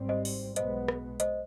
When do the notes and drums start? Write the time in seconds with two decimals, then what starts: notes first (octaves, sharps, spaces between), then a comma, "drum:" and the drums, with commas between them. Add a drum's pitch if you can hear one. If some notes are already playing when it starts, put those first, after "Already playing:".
Already playing: G#1 G#2 G3 C4
0.09 C5 D#5
0.25 drum: open hi-hat
0.56 B1 B2 G#3 B3 C5 D#5, drum: hi-hat
0.88 drum: rim click
1.20 C5 D#5, drum: hi-hat